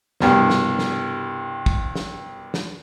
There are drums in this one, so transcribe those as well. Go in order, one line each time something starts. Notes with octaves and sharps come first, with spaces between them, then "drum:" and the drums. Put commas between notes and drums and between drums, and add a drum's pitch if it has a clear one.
C2 G2 B2, drum: snare
drum: snare
drum: snare
drum: kick
drum: snare
drum: snare